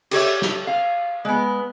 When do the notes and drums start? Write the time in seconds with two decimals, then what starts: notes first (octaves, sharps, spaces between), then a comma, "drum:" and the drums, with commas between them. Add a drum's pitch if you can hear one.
0.11 G4 A4 C#5 E5, drum: cymbal
0.42 drum: snare
0.67 F5
1.25 G#3 B3